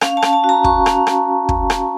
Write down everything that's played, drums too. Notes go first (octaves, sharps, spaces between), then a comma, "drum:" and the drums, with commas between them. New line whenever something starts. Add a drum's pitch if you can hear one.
C#4 F5, drum: rim click
A5
C#4, drum: rim click
A5
F#4
A#5
F#4 C#6, drum: kick
C#4, drum: rim click
drum: rim click
drum: kick
drum: rim click